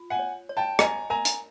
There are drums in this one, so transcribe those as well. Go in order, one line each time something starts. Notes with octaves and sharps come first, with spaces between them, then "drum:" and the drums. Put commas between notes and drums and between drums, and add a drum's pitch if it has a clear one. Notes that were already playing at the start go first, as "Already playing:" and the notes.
Already playing: F4
F#5 G#5
C#5
C#5
G5 A5
D#5 G#5 A#5, drum: rim click
A#4 G#5 A#5
drum: hi-hat